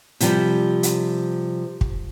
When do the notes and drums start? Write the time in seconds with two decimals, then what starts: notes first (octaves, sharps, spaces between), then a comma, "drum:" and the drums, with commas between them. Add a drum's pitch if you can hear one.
0.20 C3 F3 G3, drum: hi-hat
0.83 drum: hi-hat
1.81 drum: kick